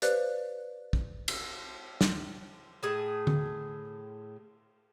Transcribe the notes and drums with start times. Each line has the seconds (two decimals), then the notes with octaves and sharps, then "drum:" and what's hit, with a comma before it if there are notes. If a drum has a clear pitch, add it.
0.02 G4 B4 C5 D5 F5 F#6, drum: hi-hat
0.93 drum: kick
1.28 drum: cymbal
2.01 drum: snare
2.83 A2 G#4 A5
3.27 drum: tom D3